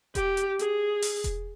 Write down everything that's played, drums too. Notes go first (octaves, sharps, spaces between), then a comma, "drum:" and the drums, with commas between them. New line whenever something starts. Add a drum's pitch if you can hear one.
G4, drum: kick E1, hi-hat
drum: hi-hat
G#4, drum: hi-hat
drum: open hi-hat
drum: kick E1, hi-hat